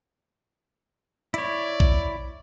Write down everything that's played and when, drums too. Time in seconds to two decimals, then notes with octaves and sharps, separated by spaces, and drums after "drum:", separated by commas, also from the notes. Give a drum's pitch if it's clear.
1.34 E4 C#5 D5, drum: hi-hat
1.80 drum: kick A#1